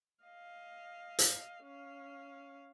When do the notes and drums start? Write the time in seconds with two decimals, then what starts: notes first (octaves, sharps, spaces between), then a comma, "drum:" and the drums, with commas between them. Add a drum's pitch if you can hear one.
0.24 D#5 F5
1.19 drum: hi-hat
1.64 C#4 F5